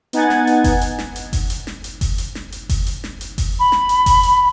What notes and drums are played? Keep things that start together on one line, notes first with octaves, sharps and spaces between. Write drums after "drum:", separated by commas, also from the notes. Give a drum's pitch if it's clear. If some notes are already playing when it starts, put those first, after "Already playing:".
B3 D#4 F#5 G#5 G#6 A6, drum: hi-hat
drum: snare
drum: hi-hat
drum: kick F#1, open hi-hat
drum: hi-hat
drum: snare
drum: hi-hat
drum: kick F#1, open hi-hat
drum: hi-hat
drum: snare
drum: hi-hat
drum: kick F#1, open hi-hat
drum: hi-hat
drum: snare
drum: hi-hat
drum: kick F#1, open hi-hat
drum: hi-hat
drum: snare
drum: hi-hat
drum: kick F#1, open hi-hat
B5
drum: snare
drum: hi-hat
drum: kick F#1, open hi-hat
drum: hi-hat